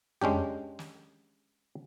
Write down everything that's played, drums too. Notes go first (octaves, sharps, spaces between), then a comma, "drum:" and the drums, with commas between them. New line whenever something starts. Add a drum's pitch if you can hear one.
G#3 C#4 D4 G4, drum: tom
drum: snare